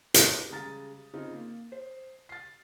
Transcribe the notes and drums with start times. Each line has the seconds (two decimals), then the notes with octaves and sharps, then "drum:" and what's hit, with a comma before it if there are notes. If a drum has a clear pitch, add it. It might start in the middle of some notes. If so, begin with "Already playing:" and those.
0.14 E3 G4 D#6, drum: hi-hat
0.50 C#3 G3 G#3 A#5 A6
1.13 C#3 C4 D#4 F4
1.33 A#3
1.72 C5
2.29 A6 C7